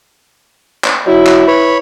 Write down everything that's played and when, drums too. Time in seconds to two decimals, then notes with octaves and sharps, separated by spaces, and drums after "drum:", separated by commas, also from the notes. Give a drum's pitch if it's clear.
0.84 drum: clap
1.06 F#3 E4
1.26 drum: clap
1.48 B4 C#5 B5